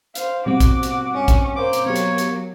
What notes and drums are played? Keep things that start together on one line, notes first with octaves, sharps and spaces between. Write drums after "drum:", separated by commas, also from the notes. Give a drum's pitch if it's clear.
C5 F5, drum: hi-hat
B2 G3 C4 F#4 D6
drum: kick A#1, hi-hat
drum: hi-hat
G2 C#4
drum: kick A#1, hi-hat
A#3 C5 D6
drum: hi-hat
F#3 B3 G4 C#5
drum: hi-hat
drum: hi-hat